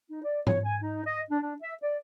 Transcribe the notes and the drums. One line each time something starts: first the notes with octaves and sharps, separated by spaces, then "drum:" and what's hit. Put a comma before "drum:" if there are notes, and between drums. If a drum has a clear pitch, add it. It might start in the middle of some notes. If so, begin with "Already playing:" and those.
D#4
D5
C#5, drum: tom G#2
G#5
D#4
D#5
D4
D4
E5
D5